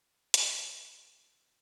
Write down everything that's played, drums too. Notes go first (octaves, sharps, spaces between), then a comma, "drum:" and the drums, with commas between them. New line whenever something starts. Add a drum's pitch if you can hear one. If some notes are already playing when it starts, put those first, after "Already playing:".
C#4 G#5, drum: hi-hat